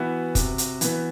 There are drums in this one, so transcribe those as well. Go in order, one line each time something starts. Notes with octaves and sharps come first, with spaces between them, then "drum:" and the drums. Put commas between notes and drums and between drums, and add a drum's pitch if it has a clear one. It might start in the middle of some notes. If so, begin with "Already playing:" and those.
Already playing: E3 B3 F#4
C3, drum: kick, hi-hat
drum: hi-hat
E3 B3, drum: hi-hat